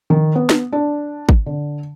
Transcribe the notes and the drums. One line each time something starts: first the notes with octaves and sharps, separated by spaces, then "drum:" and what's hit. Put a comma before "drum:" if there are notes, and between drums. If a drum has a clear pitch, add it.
D#3
B3
drum: snare
D4
drum: kick
D3